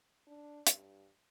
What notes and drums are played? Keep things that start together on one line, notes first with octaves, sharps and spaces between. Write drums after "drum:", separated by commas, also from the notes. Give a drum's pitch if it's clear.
D4
G2, drum: hi-hat